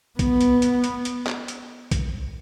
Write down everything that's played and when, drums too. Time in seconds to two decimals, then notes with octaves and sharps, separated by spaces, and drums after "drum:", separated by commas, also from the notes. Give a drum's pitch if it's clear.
0.19 B3, drum: kick B1, hi-hat
0.41 drum: hi-hat
0.62 drum: hi-hat
0.84 drum: hi-hat
1.05 drum: hi-hat
1.27 drum: clap
1.48 drum: hi-hat
1.91 drum: kick B1, hi-hat